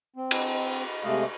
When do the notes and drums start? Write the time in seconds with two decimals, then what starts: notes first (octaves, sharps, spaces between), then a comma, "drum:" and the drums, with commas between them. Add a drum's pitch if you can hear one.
0.16 C4
0.31 drum: cymbal
1.04 C3 G#3 A3 D#5 F5